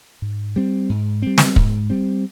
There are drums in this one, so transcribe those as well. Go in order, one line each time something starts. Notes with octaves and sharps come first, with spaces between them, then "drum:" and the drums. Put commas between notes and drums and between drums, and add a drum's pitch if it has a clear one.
G#2
G3 C4
G#2
G3 C4
drum: snare
G#2, drum: kick
G3 C4